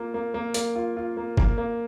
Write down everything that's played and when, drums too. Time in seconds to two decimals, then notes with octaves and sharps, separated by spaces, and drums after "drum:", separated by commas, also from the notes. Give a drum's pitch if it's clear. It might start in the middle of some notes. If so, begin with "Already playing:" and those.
Already playing: A#3 F4
0.14 A#3
0.34 A#3
0.54 A#3, drum: hi-hat
0.75 F4
0.96 F4
1.17 A#3
1.37 A#3, drum: kick
1.58 A#3